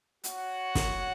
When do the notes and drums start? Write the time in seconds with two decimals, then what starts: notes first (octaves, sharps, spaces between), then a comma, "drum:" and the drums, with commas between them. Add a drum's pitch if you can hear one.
0.24 F#4 C#5 F#5, drum: hi-hat
0.75 drum: snare